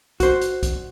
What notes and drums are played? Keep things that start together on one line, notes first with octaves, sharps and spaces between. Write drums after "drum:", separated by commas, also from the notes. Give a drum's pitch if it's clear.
F#4 C5, drum: kick B1, hi-hat
drum: hi-hat
drum: kick B1, hi-hat